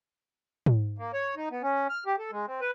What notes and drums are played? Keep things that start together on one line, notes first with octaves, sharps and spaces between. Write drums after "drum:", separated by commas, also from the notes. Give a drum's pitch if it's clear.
drum: tom G#2
A#3
C#5
D#4
B3
C#4
F6
G4
A4
G#3
C4
B4